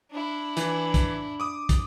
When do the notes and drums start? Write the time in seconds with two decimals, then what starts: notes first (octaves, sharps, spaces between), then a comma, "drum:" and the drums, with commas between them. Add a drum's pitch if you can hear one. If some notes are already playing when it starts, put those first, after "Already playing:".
0.11 D4 E4
0.57 E3, drum: hi-hat
0.94 drum: kick, hi-hat
1.40 D6 D#6
1.69 drum: kick, hi-hat